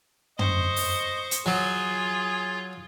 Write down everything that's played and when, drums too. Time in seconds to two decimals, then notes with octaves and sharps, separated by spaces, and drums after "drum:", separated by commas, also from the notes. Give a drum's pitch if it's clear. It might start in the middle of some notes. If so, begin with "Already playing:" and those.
0.39 C5 D#5 C#6, drum: tom
0.76 drum: open hi-hat
1.31 drum: hi-hat
1.46 F#3 F4 G#4